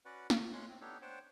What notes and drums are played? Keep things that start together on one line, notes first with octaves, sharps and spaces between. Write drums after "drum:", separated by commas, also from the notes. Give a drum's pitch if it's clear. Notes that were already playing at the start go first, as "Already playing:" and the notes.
C#4 F#4 B4 D5 F#5
F#4, drum: snare
G#3 C#4 C#5 C6 F#6
C4
B3 D4 D#4 G4 A4 C#5
D4 C5 C#5 F#5 G5 A5